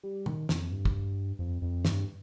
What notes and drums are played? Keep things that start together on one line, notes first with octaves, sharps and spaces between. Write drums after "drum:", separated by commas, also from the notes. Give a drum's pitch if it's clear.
G3
D#3, drum: tom B2
F2, drum: snare
G2
drum: kick
F2
F2
G2, drum: snare